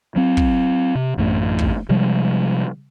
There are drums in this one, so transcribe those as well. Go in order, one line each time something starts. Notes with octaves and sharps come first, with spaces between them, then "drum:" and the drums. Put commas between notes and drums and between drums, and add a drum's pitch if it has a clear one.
F#3 C4
drum: kick
C3
A1 F#2 A3
drum: kick
C3 F3 G3 G#3